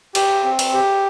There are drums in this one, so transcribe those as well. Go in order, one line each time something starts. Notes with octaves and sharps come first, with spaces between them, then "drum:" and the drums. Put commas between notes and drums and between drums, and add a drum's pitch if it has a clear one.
G4, drum: cymbal
C4
drum: cymbal
G4